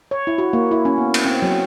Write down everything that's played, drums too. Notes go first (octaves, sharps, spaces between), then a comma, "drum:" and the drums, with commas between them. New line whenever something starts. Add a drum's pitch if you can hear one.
C#5
E4
F#4
A#3
E4
C#4
B3
drum: cymbal
C4
F#3